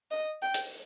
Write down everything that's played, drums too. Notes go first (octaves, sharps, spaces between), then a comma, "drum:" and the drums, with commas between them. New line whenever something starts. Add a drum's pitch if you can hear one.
D#5
G5
drum: hi-hat